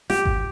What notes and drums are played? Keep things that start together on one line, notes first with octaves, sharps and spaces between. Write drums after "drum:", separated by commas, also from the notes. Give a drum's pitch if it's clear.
G4, drum: snare
drum: kick G#1